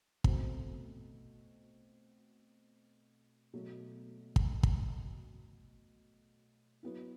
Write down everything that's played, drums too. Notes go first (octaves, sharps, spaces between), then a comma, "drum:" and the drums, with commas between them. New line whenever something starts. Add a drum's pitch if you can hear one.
B2 A3 C4 F#4, drum: kick
B2 F#3 A3
drum: kick
drum: kick
F#3 B3 E4